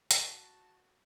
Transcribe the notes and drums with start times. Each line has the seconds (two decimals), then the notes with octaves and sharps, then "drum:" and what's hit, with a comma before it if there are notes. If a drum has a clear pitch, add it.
0.11 drum: hi-hat
0.20 F#4 A5